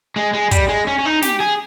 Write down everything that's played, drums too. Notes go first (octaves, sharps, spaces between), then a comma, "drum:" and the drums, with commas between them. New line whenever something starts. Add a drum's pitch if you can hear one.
G#3
G#3
G3, drum: kick, hi-hat
G#3
C#4
C#4
D#4
G4, drum: snare
G#4